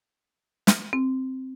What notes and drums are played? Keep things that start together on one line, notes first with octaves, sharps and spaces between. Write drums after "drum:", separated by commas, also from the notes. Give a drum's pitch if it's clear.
drum: snare
C4